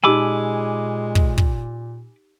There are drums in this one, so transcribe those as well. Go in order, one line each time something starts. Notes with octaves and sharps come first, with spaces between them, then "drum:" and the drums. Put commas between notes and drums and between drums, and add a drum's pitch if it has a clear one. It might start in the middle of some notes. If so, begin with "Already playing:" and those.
A#2 G#3 D#4 G4 G#5 B5 D6 E6
drum: kick
drum: kick